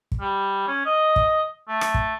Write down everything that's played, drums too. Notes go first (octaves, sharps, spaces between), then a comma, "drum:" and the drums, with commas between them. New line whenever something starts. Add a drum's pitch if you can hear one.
drum: kick
G3
C#4
D#5
drum: kick
A3
drum: rim click
drum: kick